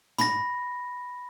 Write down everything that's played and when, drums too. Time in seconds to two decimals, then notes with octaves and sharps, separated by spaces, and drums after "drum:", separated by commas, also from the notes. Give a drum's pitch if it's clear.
0.18 B5 A#6, drum: tom